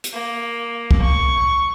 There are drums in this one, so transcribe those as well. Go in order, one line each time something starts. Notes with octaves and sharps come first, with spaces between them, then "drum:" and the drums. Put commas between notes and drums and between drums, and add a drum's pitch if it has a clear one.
drum: hi-hat
A#3
drum: kick
C#6